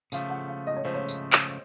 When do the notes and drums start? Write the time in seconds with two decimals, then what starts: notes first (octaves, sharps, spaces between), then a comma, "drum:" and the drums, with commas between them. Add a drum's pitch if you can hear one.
0.12 C#3 F3 A3 F5, drum: tambourine
0.30 F#5
0.48 F5
0.67 D#5
0.76 C#5
0.85 C#3 F3 A3 C5
0.94 C#5
1.09 drum: tambourine
1.33 drum: clap